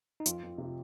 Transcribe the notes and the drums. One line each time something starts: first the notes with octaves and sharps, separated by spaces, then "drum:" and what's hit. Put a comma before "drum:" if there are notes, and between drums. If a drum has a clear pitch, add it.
D#4
F2 F4, drum: hi-hat
F2
C3